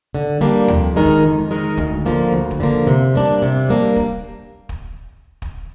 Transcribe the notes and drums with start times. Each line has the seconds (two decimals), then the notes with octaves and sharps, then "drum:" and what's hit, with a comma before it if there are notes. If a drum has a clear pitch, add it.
0.15 D3
0.41 G3 A#3 D4
0.68 F2, drum: tom D2
0.96 D#3 G#3 D#4 A#4
1.05 drum: kick
1.24 F2
1.51 D#3 G#3 D#4 A#4
1.77 D2, drum: kick
2.05 D3 F3 A#3
2.32 D2
2.51 drum: kick
2.60 D3 F3 A#3
2.87 C3
3.15 G3 A#3 D4
3.42 C3
3.69 G3 A#3 D4
3.96 drum: kick
4.69 drum: kick
5.42 drum: kick